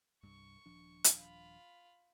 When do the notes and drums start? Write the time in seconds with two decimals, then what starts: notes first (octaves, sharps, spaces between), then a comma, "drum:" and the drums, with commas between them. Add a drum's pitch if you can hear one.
0.23 C2 G2 C#6
0.66 D#1 F3 D4
1.04 drum: hi-hat
1.16 F4 B5